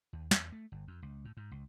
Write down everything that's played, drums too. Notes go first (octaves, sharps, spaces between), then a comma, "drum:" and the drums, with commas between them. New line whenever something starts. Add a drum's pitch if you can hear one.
D#2
E2, drum: snare
A3
G1
F2
C#2
A2
G#2
C#2